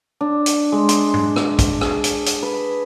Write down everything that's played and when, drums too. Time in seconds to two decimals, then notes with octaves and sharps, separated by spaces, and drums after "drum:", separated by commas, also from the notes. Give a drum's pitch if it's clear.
0.21 D4
0.46 drum: hi-hat
0.72 G#3
0.89 C6, drum: hi-hat
1.14 drum: tom G#2
1.36 drum: rim click
1.59 drum: kick, hi-hat
1.81 G#4, drum: rim click
2.04 drum: hi-hat
2.26 drum: hi-hat
2.43 B4